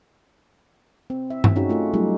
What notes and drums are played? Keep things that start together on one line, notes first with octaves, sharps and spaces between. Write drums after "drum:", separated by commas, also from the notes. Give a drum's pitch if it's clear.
C4
E5
drum: tom G2
C#4 D#4 F#4 G#4
A3 F4 A4
F#3 G3 A3 D#4 F4 G4